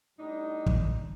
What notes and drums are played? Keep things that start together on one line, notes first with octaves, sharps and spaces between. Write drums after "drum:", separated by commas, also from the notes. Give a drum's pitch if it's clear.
A2 G3 D4 D#4
drum: kick